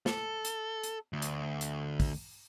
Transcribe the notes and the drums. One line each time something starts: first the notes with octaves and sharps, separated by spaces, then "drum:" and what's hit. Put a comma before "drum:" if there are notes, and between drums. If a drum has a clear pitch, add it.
A4, drum: snare
drum: hi-hat
drum: hi-hat
D2
drum: hi-hat
drum: hi-hat
drum: kick, open hi-hat